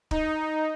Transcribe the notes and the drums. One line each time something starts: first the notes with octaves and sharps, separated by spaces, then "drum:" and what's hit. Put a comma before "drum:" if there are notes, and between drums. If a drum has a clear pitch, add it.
D#4, drum: kick